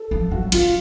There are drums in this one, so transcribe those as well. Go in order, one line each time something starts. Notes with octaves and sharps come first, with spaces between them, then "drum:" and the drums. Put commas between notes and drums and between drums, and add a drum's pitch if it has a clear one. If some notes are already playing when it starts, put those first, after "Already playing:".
Already playing: A4
F3
F#3 F#4
F#3 F4, drum: cymbal